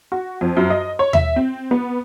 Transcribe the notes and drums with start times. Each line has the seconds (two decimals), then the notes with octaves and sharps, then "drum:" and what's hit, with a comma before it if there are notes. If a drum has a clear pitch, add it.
0.12 F#4
0.41 F2
0.57 F#2
0.70 D#5
0.99 C#5
1.13 E5, drum: tom D#2
1.36 C4
1.71 B3